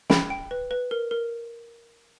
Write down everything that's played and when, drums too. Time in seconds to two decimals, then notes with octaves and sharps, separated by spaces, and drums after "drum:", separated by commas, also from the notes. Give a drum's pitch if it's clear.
0.10 G5 B5, drum: snare
0.30 G5
0.51 B4
0.71 B4
0.91 A#4
1.11 A#4